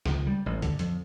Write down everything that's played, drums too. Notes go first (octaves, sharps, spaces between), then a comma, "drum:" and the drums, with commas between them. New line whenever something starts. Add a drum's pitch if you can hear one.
C#2, drum: snare
G3
A1
D3, drum: kick, hi-hat
F2, drum: hi-hat